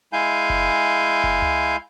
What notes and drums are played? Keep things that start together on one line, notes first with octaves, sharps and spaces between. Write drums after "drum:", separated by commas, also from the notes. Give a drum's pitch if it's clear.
G#3 E4 F5 G#5 G6
drum: kick F#1
drum: kick F#1
drum: tom C#2